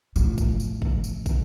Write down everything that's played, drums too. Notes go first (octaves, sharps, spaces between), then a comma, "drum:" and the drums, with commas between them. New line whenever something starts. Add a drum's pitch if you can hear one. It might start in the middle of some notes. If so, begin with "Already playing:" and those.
A2 F3, drum: tambourine
drum: kick, tambourine
drum: tambourine
drum: kick
drum: tambourine
drum: kick, tambourine